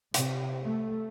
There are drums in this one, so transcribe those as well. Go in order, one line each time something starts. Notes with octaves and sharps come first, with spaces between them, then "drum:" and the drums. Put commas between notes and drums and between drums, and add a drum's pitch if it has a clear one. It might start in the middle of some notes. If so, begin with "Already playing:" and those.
C3, drum: hi-hat
A3